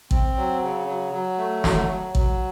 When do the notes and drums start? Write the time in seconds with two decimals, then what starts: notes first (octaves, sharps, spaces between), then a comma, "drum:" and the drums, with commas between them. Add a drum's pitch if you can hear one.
0.11 C4, drum: kick
0.36 F#3
0.62 C#3
0.87 F#3
1.12 F#3
1.38 A3
1.64 F#3, drum: snare
1.89 F#3
2.15 F#3, drum: kick